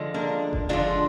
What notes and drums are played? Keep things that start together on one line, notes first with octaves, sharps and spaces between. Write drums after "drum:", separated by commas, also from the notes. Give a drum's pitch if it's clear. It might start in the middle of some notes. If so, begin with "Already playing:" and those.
Already playing: D3 F3 G#3
A#3 D4
drum: kick F#1
D3 F3 G#3 D4 F4